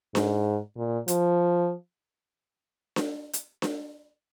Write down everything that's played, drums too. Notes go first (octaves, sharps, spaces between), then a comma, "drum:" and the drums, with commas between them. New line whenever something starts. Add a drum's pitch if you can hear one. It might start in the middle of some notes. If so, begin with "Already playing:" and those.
G#2, drum: snare D4
A#2
F3, drum: hi-hat
drum: snare D4
drum: hi-hat
drum: snare D4